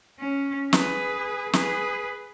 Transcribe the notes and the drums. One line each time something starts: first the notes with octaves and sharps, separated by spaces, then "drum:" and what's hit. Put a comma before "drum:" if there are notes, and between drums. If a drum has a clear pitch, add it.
C#4
G#4 B4, drum: snare
G#4 B4, drum: snare